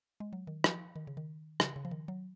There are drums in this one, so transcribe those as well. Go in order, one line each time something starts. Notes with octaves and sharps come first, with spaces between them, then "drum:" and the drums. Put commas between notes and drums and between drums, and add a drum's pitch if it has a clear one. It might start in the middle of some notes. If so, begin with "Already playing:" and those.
G#3
F#3
D#3
F3, drum: rim click
D#3
C#3
D#3
C#3, drum: rim click
C#3
F3
D#3
F#3